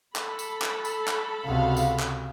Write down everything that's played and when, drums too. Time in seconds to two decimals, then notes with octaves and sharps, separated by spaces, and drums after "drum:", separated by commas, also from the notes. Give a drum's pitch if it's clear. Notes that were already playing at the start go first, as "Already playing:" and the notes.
0.16 A4 B5, drum: clap
0.39 drum: tambourine
0.62 drum: clap
0.85 drum: tambourine
1.08 drum: clap
1.45 C#2 C3 F#4 F5
1.77 drum: tambourine
2.00 drum: clap